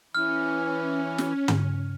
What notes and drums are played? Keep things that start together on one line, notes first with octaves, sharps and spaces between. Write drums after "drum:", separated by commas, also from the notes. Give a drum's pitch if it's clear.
E3 C#4 F6
drum: snare
drum: tom